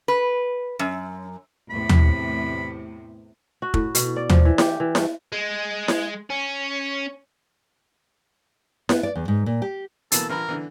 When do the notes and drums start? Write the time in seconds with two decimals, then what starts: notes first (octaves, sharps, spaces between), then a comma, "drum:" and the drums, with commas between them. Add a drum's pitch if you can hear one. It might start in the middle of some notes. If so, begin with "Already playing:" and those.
0.08 B4
0.79 F#2
1.70 E2 A2 C3 B5
1.89 drum: tom D#2
3.62 F#4
3.74 A2, drum: kick
3.95 B2, drum: hi-hat
4.16 D5
4.30 F3, drum: tom D#2
4.45 E3
4.58 G4, drum: snare E4
4.80 E3
4.95 G2, drum: snare E4
5.32 G#3
5.88 drum: snare E4
6.30 C#4
8.89 B3, drum: snare E4
9.03 D5
9.15 E2
9.28 G#2
9.46 A#2
9.62 G4
10.12 B2 E3 A#3 A4, drum: hi-hat
10.30 A1 E3 A#4 B5
10.49 D3 E3